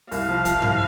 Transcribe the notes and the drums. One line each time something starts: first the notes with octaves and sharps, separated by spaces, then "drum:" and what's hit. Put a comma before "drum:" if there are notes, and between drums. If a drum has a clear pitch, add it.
C2 F5, drum: open hi-hat
F3
F3, drum: kick C#1, hi-hat
C2, drum: tom G2